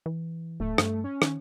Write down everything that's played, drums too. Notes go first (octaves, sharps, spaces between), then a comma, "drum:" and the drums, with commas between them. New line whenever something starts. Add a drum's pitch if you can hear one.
E3
D1 A3
G2, drum: rim click
C#4
D#3, drum: rim click